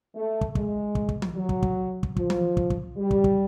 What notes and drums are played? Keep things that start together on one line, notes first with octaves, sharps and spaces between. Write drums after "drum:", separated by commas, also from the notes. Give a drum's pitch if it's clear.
A3
drum: kick
G#3, drum: kick
drum: kick
drum: kick
drum: tom E3
F#3
drum: kick
drum: kick
drum: kick
F3, drum: kick
drum: tom E3
drum: kick
drum: kick
G3
drum: kick
drum: kick